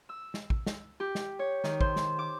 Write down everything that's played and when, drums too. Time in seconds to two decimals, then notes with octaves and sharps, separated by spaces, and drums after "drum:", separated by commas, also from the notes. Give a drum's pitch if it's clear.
0.09 E6
0.34 drum: snare
0.50 drum: kick
0.66 drum: snare
1.00 G4
1.15 drum: snare
1.39 C#5
1.64 D#3, drum: snare
1.81 C5, drum: kick
1.96 drum: snare
2.19 D6